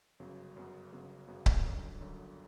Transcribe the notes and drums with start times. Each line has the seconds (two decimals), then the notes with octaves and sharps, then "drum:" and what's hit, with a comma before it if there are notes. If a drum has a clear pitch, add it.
0.19 G1 F#2 C#3 F#3 B3
0.56 G1 F#2 C#3 F#3 B3
0.92 G1 F#2 C#3 F#3 B3
1.28 G1 F#2 C#3 F#3 B3
1.46 drum: kick C#1
1.64 G1 F#2 D3 F#3
2.00 G1 F#2 D3 F#3